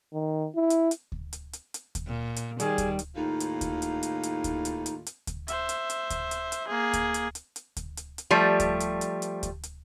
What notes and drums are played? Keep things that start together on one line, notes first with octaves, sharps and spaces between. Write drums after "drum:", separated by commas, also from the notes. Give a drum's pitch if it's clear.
D#3
E4
drum: hi-hat
drum: hi-hat
drum: kick D2
drum: hi-hat
drum: hi-hat
drum: hi-hat
drum: kick D2, hi-hat
A#2
drum: hi-hat
D#3 G3 G#4, drum: hi-hat
drum: kick D2, hi-hat
drum: hi-hat
D#2 A2 D#4 F4
drum: hi-hat
drum: kick D2, hi-hat
drum: hi-hat
drum: hi-hat
drum: hi-hat
drum: kick D2, hi-hat
drum: hi-hat
drum: hi-hat
drum: hi-hat
drum: kick D2, hi-hat
C5 E5, drum: hi-hat
drum: hi-hat
drum: hi-hat
drum: kick D2, hi-hat
drum: hi-hat
drum: hi-hat
A#3 G#4
drum: kick D2, hi-hat
drum: hi-hat
drum: hi-hat
drum: hi-hat
drum: kick D2, hi-hat
drum: hi-hat
drum: hi-hat
F3 G3 A3
drum: kick D2, hi-hat
drum: hi-hat
drum: hi-hat
drum: hi-hat
drum: kick D2, hi-hat
drum: hi-hat